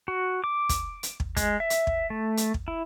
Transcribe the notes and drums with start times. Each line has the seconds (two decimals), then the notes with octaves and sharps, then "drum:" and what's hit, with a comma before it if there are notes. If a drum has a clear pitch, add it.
0.08 F#4
0.44 D6
0.69 drum: kick, hi-hat
1.03 drum: hi-hat
1.20 drum: kick
1.37 G#3, drum: kick, hi-hat
1.60 E5
1.70 drum: hi-hat
1.87 drum: kick
2.10 A3
2.37 drum: hi-hat
2.54 drum: kick
2.68 E4